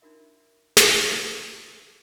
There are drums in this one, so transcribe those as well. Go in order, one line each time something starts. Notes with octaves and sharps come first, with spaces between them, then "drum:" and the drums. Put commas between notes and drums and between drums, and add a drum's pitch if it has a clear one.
D4 D#4 F4 F#4 A#4 E5
drum: snare